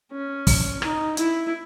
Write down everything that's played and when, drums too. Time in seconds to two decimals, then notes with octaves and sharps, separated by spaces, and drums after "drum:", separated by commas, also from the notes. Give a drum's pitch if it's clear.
0.12 C#4
0.47 drum: kick, open hi-hat
0.82 D#4, drum: rim click
1.17 E4, drum: hi-hat